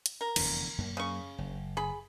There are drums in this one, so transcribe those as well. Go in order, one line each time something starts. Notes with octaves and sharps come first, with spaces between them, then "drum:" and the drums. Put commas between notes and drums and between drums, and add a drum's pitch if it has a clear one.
drum: hi-hat
A#4
F1 E2 D3, drum: cymbal
F#2 A#3
C#3 C#6
F#1
G#4 B5